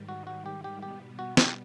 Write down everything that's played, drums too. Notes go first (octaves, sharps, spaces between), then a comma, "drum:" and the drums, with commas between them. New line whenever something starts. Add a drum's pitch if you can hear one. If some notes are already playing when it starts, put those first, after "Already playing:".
Already playing: G#2 D#3 G3
F#4
F#4
G4
G4
B2 G3 B3 G4
F#4
G4, drum: snare